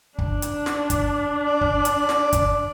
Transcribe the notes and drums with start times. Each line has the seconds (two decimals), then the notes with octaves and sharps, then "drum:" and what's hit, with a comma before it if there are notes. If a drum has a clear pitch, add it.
0.18 D4, drum: kick
0.42 drum: hi-hat
0.66 drum: snare
0.90 drum: kick, hi-hat
1.44 D5
1.61 drum: kick
1.85 drum: hi-hat
2.09 drum: snare
2.33 drum: kick, hi-hat